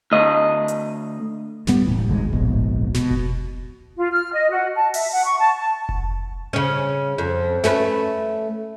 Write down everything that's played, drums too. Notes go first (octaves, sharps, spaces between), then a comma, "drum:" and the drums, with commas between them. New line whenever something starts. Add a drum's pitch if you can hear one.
D2 D#5
drum: hi-hat
D1 G2 G3 B3, drum: snare
E1 B1 A2 E3
G#1 D2 G#2 G#3
D1 A#1 G#2 B2, drum: kick F1
B2, drum: snare
drum: kick F1
F4
F6
D#5
F#4
A5
E5, drum: open hi-hat
F#5
C#6
A5
A5
drum: kick F1
C#3 C#4
F2
A3 C#4 B4, drum: snare